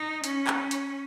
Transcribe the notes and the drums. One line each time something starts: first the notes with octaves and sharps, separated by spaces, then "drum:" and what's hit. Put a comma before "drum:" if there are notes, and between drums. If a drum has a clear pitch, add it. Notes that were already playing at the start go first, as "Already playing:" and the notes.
Already playing: D#4
C#4, drum: hi-hat
drum: clap
drum: hi-hat